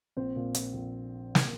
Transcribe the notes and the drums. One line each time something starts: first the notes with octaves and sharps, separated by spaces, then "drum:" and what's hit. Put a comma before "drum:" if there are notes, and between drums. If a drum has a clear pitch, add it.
A#1 C4
A#2
A#2, drum: hi-hat
A#1
drum: snare